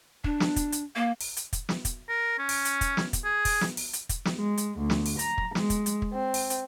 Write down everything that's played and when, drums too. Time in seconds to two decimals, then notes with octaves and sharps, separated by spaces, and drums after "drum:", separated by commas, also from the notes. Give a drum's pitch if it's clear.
0.24 D4, drum: kick
0.40 drum: snare
0.56 drum: kick, hi-hat
0.72 drum: hi-hat
0.96 A#3
1.21 drum: open hi-hat
1.37 drum: hi-hat
1.53 drum: kick, hi-hat
1.69 drum: snare
1.85 drum: kick, hi-hat
2.09 A#4
2.38 C#4
2.49 drum: open hi-hat
2.65 drum: hi-hat
2.81 drum: kick, hi-hat
2.97 drum: snare
3.13 drum: kick, hi-hat
3.24 G#4
3.45 drum: kick, open hi-hat
3.61 drum: snare
3.77 drum: open hi-hat
3.93 drum: hi-hat
4.09 drum: kick, hi-hat
4.25 drum: snare
4.37 G#3
4.58 drum: hi-hat
4.79 D2
4.90 drum: snare
5.06 drum: open hi-hat
5.19 A#5, drum: hi-hat
5.38 drum: kick
5.55 G#3, drum: snare
5.70 drum: kick, hi-hat
5.86 drum: hi-hat
6.02 drum: kick
6.12 C4
6.34 drum: open hi-hat
6.50 drum: hi-hat